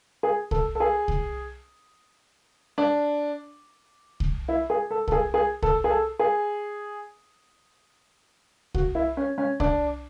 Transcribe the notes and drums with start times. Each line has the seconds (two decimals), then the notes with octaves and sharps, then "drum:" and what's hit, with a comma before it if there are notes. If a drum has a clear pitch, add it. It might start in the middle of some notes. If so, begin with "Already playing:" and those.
0.23 G#4
0.51 A4, drum: kick C2
0.75 A4
0.80 G#4
1.08 drum: kick C2
2.78 D4
4.20 drum: kick C2
4.48 E4
4.70 G#4
4.91 A4
5.08 A4, drum: kick C2
5.12 G#4
5.34 G#4
5.62 A4, drum: kick C2
5.84 G#4
5.90 A4
6.19 G#4
8.74 F#4, drum: kick C2
8.95 E4
9.17 C#4
9.38 C#4
9.60 D4, drum: kick C2